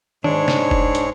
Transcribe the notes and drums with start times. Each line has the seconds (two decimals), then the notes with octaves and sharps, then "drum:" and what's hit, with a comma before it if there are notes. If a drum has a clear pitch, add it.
0.24 G#2 G#3 D4 C#5, drum: tom D#3
0.48 drum: snare
0.71 drum: kick F1
0.95 drum: hi-hat